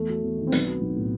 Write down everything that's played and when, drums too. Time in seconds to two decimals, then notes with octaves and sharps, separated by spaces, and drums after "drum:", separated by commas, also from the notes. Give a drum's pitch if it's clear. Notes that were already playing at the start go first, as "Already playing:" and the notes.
Already playing: E2 A3
0.09 F#3
0.23 E2
0.37 D#3
0.47 C4
0.52 B1 B3, drum: hi-hat
0.67 F#3
0.82 B1
0.96 A2